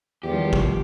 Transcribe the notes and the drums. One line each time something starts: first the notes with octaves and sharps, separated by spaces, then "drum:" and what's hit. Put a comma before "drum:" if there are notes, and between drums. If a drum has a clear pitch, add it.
E2 D#3 F3 G3 G4
drum: kick